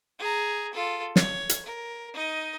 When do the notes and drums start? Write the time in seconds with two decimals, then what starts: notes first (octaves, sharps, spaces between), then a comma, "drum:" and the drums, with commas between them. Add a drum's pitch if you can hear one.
0.19 G#4 A#5
0.73 F4 A4
1.16 C#5, drum: snare
1.49 drum: hi-hat
1.65 A#4
2.13 D#4 D#5